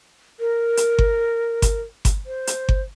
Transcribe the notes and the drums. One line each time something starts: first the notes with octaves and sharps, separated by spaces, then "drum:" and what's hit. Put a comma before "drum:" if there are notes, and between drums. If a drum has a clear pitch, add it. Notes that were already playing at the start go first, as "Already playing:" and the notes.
A#4
drum: hi-hat
drum: kick G1
drum: kick G1, hi-hat
drum: kick G1, hi-hat
C5
drum: hi-hat
drum: kick G1